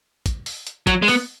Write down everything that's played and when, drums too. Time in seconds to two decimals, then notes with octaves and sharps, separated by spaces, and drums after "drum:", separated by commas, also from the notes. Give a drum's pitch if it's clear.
0.26 drum: kick, hi-hat
0.46 drum: open hi-hat
0.67 drum: hi-hat
0.87 F#3, drum: kick, hi-hat
1.02 G#3
1.08 B3, drum: open hi-hat